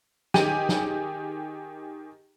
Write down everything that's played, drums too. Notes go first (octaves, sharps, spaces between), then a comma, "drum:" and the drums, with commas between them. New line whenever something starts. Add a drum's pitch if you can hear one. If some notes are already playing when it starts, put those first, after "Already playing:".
D#3 G4 G#4 D#7, drum: snare
drum: snare